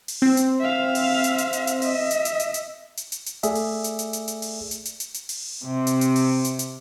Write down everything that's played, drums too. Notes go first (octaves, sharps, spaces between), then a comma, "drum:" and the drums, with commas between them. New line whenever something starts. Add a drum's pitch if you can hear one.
drum: open hi-hat
C4
drum: hi-hat
E5 F5
drum: open hi-hat
drum: hi-hat
drum: hi-hat
drum: hi-hat
drum: hi-hat
D#5 E5, drum: open hi-hat
drum: hi-hat
drum: hi-hat
drum: hi-hat
drum: hi-hat
drum: hi-hat
drum: hi-hat
drum: hi-hat
A3 G#4 A4 D5 E5, drum: hi-hat
drum: open hi-hat
drum: hi-hat
drum: hi-hat
drum: hi-hat
drum: hi-hat
drum: open hi-hat
drum: hi-hat
drum: hi-hat
drum: hi-hat
drum: hi-hat
drum: open hi-hat
C3
drum: hi-hat
drum: hi-hat
drum: open hi-hat
drum: hi-hat
drum: hi-hat